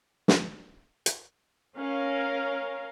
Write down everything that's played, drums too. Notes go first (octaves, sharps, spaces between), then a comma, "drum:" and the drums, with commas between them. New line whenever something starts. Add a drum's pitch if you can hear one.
drum: snare
drum: hi-hat
C#4 A#4 F5